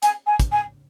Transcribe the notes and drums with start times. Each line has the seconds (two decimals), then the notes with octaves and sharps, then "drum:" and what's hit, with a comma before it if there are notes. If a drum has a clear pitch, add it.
0.03 G#5, drum: hi-hat
0.27 G#5
0.40 drum: kick, hi-hat
0.52 G#5